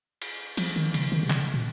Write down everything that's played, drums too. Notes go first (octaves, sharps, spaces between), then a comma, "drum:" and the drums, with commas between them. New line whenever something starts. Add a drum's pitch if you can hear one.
drum: cymbal
F3, drum: cymbal
D#3
C#3, drum: cymbal
D#3
C3
C#3, drum: clap
A#2